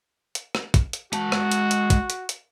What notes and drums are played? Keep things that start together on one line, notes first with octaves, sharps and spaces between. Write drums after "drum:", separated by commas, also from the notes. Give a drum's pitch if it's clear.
drum: hi-hat
drum: rim click
drum: kick, hi-hat
drum: hi-hat
G#3 F#4 A5, drum: hi-hat
drum: rim click
drum: hi-hat
drum: hi-hat
drum: kick, hi-hat
drum: hi-hat
drum: hi-hat